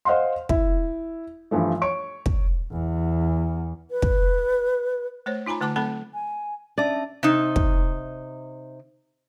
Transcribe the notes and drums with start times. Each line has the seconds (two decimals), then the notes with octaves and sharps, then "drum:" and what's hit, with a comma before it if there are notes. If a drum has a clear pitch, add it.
0.05 C5 D#5 F5 F#5 C6
0.49 E4, drum: kick
1.51 G2 E3 F3 A3
1.81 C#5 C#6 D7
2.26 drum: kick
2.72 E2
3.91 B4
4.02 drum: kick
5.26 A3 C5 C#5
5.46 D#4 F4 G#5 A#5 B5
5.61 D3 A3 A5 D6
5.76 F#3 A3 C4 A4 A5 B5
6.14 G#5
6.78 C#4 D4 D5 E5 A5
7.23 C3 D#4
7.56 drum: kick